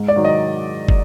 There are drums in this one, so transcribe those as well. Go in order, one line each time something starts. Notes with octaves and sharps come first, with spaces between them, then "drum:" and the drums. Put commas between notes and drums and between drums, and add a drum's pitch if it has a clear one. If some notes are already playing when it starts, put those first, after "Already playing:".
Already playing: G#2
D5
D#3 F#3
D#5
drum: kick